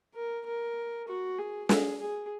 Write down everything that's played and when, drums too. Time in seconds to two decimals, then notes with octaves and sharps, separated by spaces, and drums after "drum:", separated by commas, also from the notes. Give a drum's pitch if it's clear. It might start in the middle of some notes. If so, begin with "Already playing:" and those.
0.15 A#4
0.46 A#4
1.08 F#4
1.39 G#4
1.69 G#4, drum: snare
2.01 G#4